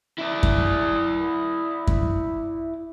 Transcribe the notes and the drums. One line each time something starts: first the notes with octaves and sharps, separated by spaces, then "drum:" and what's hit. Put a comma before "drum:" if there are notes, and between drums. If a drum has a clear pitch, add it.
E4 D5
drum: kick F#2
drum: kick F#2